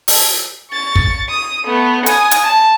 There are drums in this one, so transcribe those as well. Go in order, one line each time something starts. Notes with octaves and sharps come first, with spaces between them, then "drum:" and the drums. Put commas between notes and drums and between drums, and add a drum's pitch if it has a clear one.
drum: open hi-hat
C#6 A6
drum: kick
D#6
A3 B3
G#5 D#6, drum: hi-hat
drum: hi-hat
A5